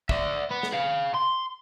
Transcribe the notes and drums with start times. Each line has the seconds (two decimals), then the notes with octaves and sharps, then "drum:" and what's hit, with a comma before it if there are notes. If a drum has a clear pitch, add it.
0.09 D5 E5, drum: kick
0.51 B3
0.63 drum: snare
0.73 G#4 F5
1.15 C6